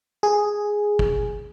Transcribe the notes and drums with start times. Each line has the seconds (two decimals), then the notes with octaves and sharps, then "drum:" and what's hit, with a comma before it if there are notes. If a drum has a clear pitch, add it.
0.23 G#4
0.99 drum: kick